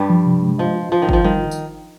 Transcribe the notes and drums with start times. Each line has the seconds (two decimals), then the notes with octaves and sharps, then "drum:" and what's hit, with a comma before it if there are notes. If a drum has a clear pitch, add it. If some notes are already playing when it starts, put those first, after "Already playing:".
Already playing: G2 G3
0.10 F3
0.25 C3
0.42 G#3
0.59 F3 D#5
0.75 F4
0.92 F3 F4
1.02 D#3
1.09 F3 F4, drum: kick G1
1.24 D#3 G3
1.51 drum: tambourine